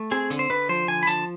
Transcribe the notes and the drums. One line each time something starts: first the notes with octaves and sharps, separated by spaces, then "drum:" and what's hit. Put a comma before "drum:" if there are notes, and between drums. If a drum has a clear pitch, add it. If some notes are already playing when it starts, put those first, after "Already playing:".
Already playing: A3
C4 G#4
D3, drum: hi-hat
C5
D3 B4
F3 C5
D3 G#5
B5
F3 A5, drum: hi-hat